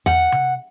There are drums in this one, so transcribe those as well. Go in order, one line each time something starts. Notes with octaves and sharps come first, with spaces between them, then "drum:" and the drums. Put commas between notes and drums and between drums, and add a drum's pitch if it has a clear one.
F#5, drum: tom E2
drum: tom C3